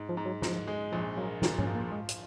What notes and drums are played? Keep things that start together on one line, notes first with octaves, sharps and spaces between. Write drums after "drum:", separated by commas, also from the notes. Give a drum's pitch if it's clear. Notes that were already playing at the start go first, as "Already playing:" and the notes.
Already playing: G#2
F3
G#2
F#3
G#2 F3, drum: snare
G#3
A#1 F3
F#3 A#3
A#2 D#3, drum: snare
C#4, drum: tom G#2
F3
A#3
F3 G#3
drum: hi-hat